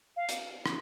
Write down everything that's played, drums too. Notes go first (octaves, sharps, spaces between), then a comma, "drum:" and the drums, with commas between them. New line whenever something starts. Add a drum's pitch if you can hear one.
F5
drum: hi-hat
drum: rim click